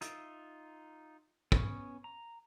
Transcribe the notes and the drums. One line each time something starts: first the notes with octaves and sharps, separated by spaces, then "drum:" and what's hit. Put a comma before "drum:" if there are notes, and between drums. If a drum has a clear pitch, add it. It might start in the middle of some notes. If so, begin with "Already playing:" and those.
D#4 F4 E5, drum: hi-hat
B3 C#4 C#6, drum: kick
A#5